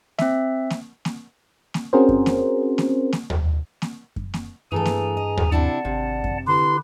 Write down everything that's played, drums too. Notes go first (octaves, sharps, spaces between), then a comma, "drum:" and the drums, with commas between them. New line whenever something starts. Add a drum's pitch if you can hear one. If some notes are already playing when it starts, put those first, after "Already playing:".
C4 E5, drum: snare A#3
drum: snare A#3
drum: snare A#3
drum: snare A#3
C4 C#4 F#4 G#4 A#4 C5
drum: kick F#2
drum: snare A#3
drum: snare A#3
drum: snare A#3
drum: tom D#2
drum: snare A#3
drum: kick F#2
drum: snare A#3
G2 E3 A3 G#4 A4 G#5 A#5
drum: snare A#3
D#5
drum: tom D#2
C3 D4 E4 D5 F#5 A5
G#1 C3
drum: kick F#2
D3 E4 G4 B4 C6